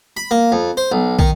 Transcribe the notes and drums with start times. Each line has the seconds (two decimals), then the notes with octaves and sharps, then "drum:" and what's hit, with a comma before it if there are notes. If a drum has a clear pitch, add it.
0.17 B5
0.31 A#3
0.52 F2
0.77 C5
0.92 B1
1.19 D#3, drum: kick